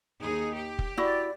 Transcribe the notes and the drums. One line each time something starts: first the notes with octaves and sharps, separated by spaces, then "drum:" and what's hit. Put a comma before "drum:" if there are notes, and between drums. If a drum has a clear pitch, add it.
D#2 D#4 G#4
G4
drum: kick F1
E4 F#4 D5